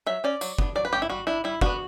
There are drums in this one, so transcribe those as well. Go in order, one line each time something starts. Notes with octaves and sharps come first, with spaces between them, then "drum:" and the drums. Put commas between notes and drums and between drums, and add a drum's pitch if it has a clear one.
F#3 E5
C#4 D5
F#3, drum: tambourine
B3 D4, drum: kick
F#3 D5
B4
A3 C#4 G4
E4
G3 F#4
D4 E4
G3 E4
B3 D4 F#4, drum: kick